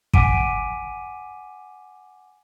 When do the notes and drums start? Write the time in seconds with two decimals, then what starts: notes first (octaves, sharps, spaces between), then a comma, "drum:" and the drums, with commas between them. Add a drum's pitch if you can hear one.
0.14 F#5 G#5 D6 B6 D7 D#7, drum: kick